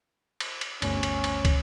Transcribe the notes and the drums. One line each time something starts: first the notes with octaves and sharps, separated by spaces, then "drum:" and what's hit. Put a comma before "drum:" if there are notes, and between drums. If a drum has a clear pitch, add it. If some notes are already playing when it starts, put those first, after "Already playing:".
drum: cymbal
drum: cymbal
G1 D2 C#4, drum: cymbal
drum: cymbal
drum: cymbal
drum: kick, cymbal